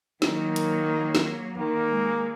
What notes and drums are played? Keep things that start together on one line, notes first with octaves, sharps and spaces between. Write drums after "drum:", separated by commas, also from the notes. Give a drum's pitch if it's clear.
D#3 F#3 A#3, drum: snare
drum: hi-hat
drum: snare
D#3 A#3
G#3